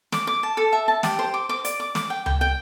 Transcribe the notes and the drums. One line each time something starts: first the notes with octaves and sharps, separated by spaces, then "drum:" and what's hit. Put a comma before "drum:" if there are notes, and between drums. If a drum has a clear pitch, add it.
D6, drum: snare
D6
A5
A4
E5
A5
G4, drum: snare
C5
D6
D6
D5, drum: hi-hat
D6
D6, drum: snare
G5
G5, drum: tom C#2
G5